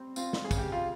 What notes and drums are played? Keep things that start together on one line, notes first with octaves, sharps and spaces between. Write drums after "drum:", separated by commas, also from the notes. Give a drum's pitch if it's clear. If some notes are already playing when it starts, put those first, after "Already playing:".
Already playing: G3 C4
C4 F4, drum: tambourine
drum: snare
G#4
C#3, drum: kick, tambourine
G4
F4